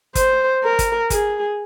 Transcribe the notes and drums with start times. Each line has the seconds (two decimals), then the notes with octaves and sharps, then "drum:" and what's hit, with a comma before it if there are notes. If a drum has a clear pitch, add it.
0.15 C5, drum: kick, hi-hat
0.64 A#4
0.79 drum: kick, hi-hat
1.10 G#4, drum: kick, hi-hat